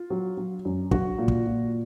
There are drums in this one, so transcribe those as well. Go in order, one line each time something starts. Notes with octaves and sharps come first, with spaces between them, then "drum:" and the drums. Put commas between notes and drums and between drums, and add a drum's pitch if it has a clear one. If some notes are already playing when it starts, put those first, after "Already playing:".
Already playing: F4
F#3
F#3
F#2
F#3 F#4, drum: kick
A#2
drum: kick
A#2